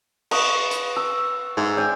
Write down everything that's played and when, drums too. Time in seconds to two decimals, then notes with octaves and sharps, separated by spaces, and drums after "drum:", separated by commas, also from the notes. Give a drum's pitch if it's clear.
0.31 B4 D#5 C#6, drum: cymbal
0.71 drum: hi-hat
0.96 E6
1.57 G#2 E5
1.77 D5 G5 G#5